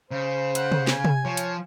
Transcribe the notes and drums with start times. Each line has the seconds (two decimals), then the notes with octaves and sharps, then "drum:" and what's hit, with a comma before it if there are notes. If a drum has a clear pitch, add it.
0.11 C#3 C5
0.55 F#5, drum: hi-hat
0.72 drum: tom C3
0.87 G#5, drum: snare
1.05 drum: tom C3
1.25 F3 C#5
1.37 drum: hi-hat